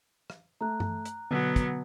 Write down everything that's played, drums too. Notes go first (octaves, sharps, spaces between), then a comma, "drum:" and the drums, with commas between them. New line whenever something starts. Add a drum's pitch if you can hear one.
drum: rim click
A3 A#5 F#6
drum: tom G2
drum: hi-hat
B2 D3 F#3 B3
drum: kick, hi-hat